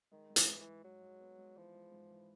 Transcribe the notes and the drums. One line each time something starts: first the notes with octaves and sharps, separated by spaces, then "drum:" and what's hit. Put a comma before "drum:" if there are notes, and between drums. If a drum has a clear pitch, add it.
D#3 G#3
G#2
E3, drum: hi-hat
G#3
E3
G#3
G#2 F#3
G#3
B3
G#3
E3 F3
G#3
G#2
E3